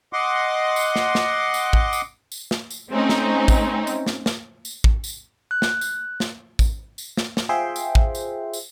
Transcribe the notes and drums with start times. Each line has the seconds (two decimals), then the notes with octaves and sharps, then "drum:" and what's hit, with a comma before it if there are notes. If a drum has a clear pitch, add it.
0.13 D#5 F#5 C6 D6
0.76 drum: tambourine
0.96 drum: snare
1.15 drum: snare
1.54 drum: tambourine
1.73 drum: kick
1.93 drum: tambourine
2.32 drum: tambourine
2.51 drum: snare
2.70 drum: tambourine
2.90 A3 C4 C#4 D#4
3.09 drum: snare
3.48 drum: kick, tambourine
3.87 drum: tambourine
4.07 drum: snare
4.26 drum: snare
4.65 drum: tambourine
4.84 drum: kick
5.04 drum: tambourine
5.51 F#6
5.62 drum: snare
5.81 drum: tambourine
6.20 drum: snare
6.59 drum: kick, tambourine
6.98 drum: tambourine
7.17 drum: snare
7.37 drum: snare
7.49 F4 G#4 C5 E5 G5 C6
7.76 drum: tambourine
7.95 drum: kick
8.15 drum: tambourine
8.53 drum: tambourine